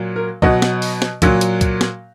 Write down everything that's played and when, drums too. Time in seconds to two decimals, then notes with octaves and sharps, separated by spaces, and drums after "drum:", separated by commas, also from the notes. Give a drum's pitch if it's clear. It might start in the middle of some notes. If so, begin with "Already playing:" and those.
Already playing: A#2 F#3
0.16 A#4
0.42 B2 F#3 D#5 F#5, drum: kick C2
0.62 drum: snare
0.82 drum: open hi-hat
1.02 drum: snare
1.22 A#2 F#3, drum: kick C2, hi-hat
1.41 drum: hi-hat
1.61 drum: kick C2, hi-hat
1.81 drum: snare